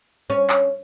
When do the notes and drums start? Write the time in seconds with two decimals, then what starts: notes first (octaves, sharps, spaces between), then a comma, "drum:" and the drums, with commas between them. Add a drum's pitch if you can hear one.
0.30 C#4
0.49 drum: clap